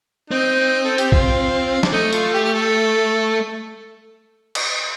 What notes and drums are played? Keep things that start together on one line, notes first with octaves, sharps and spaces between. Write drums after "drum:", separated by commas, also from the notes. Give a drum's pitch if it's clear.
C4 D#4
A4
G4, drum: hi-hat
F4, drum: kick
D4, drum: snare
A3 D#4
F4, drum: hi-hat
G4
G4
A4
drum: cymbal